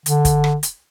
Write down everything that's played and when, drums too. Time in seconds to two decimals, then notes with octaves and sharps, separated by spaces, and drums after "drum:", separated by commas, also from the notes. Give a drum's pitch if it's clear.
0.06 D3, drum: hi-hat
0.25 drum: kick, hi-hat
0.44 drum: rim click
0.63 drum: hi-hat